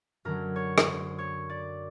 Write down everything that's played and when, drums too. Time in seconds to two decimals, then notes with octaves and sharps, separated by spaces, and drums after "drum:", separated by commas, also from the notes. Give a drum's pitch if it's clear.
0.25 F#2 D3 F#3 A#4
0.56 C#5
0.78 drum: rim click
0.87 C5
1.18 C#5
1.49 D5